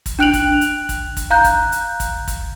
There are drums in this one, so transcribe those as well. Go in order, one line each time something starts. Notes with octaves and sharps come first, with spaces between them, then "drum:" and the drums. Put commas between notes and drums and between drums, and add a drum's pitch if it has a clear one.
drum: kick, hi-hat
D4 G5 F#6 D7 F7 F#7
drum: kick, hi-hat
drum: hi-hat
drum: kick, hi-hat
drum: kick, hi-hat
F5 A#5 F#6 G6
drum: kick, hi-hat
drum: hi-hat
drum: kick, hi-hat
drum: kick, hi-hat